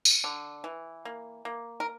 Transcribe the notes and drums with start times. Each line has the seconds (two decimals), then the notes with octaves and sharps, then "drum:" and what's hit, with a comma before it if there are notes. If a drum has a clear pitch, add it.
0.05 drum: tambourine
0.24 D3
0.64 E3
1.05 A#3
1.45 A#3
1.80 A#4